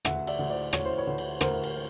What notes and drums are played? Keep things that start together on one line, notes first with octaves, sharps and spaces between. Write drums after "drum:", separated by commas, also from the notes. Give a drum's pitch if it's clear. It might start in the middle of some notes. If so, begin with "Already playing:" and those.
D2 E5 F#5, drum: rim click
D5 E5, drum: cymbal
D2
C5 D5
D2 C#5, drum: rim click
C5
B4 C#5
D2
drum: cymbal
D2 A#4 C5, drum: rim click
drum: cymbal